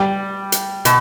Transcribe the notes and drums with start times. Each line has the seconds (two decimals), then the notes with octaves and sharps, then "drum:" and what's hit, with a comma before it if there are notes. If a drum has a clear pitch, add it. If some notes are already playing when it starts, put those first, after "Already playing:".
Already playing: G3
0.52 drum: hi-hat
0.85 B2, drum: hi-hat